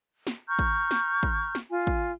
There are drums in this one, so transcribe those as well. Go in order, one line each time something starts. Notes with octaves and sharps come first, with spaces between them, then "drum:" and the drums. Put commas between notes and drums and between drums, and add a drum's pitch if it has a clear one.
drum: snare
A#5 C#6 F6 G6
drum: kick
drum: snare
drum: kick
drum: snare
F4 G#5
drum: kick